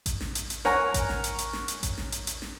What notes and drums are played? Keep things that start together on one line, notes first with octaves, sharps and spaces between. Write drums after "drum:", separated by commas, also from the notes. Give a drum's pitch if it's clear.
drum: kick A1, hi-hat
drum: snare
drum: hi-hat
drum: hi-hat
A#4 C#5 F#5 G#5 A#5, drum: snare
drum: kick A1, hi-hat
drum: snare
drum: hi-hat
drum: hi-hat
drum: snare
drum: hi-hat
drum: kick A1, hi-hat
drum: snare
drum: hi-hat
drum: hi-hat
drum: snare